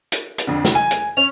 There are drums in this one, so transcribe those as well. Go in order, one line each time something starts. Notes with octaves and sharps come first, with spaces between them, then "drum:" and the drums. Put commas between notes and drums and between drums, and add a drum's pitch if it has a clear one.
drum: hi-hat
drum: hi-hat
F2 D3
drum: snare
G#5
drum: hi-hat
C#4 F7